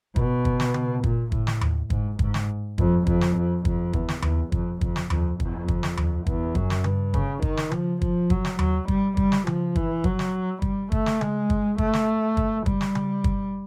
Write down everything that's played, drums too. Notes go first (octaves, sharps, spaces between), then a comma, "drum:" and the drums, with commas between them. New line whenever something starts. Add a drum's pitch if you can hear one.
B2, drum: kick
drum: kick
drum: snare
drum: tom C#3
A#2, drum: kick
A2, drum: kick
drum: snare
drum: tom D#2
G#2, drum: kick
G#2, drum: kick
drum: snare
F2, drum: kick
F2, drum: kick
drum: snare
F2
F2, drum: kick
E2, drum: kick
drum: snare
E2, drum: tom D#2
F2, drum: kick
F2, drum: kick
drum: snare
F2, drum: tom D#2
F2, drum: kick
drum: kick
drum: snare
drum: tom D#2
E2, drum: kick
F#2, drum: kick
drum: snare
G2, drum: tom C#3
C#3, drum: kick
D#3, drum: kick
drum: snare
F3, drum: tom C#3
F3, drum: kick
F#3, drum: kick
drum: snare
F#3, drum: tom D#2
G3, drum: kick
G3, drum: kick
drum: snare
F3, drum: tom C#3
E3, drum: kick
F#3, drum: kick
drum: snare
G3, drum: kick
A3, drum: kick
drum: snare
G#3, drum: tom C#3
drum: kick
A3, drum: kick
drum: snare
drum: kick
G3, drum: kick
drum: snare
drum: tom C#3
drum: kick